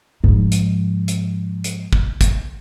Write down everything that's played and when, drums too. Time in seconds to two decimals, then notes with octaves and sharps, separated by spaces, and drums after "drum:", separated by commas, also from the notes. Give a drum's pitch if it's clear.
0.24 G#2 F3
0.52 drum: hi-hat
1.08 drum: hi-hat
1.64 drum: hi-hat
1.93 drum: kick
2.21 drum: kick, hi-hat